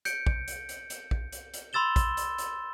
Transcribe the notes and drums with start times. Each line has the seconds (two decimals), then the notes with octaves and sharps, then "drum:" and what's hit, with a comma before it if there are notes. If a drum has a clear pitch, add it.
0.05 G6 C#7 D7, drum: hi-hat
0.27 drum: kick
0.48 drum: hi-hat
0.69 drum: hi-hat
0.90 drum: hi-hat
1.11 drum: kick
1.32 drum: hi-hat
1.54 drum: hi-hat
1.73 B5 C6 E6 A6 E7 G7
1.96 drum: kick, hi-hat
2.17 drum: hi-hat
2.38 drum: hi-hat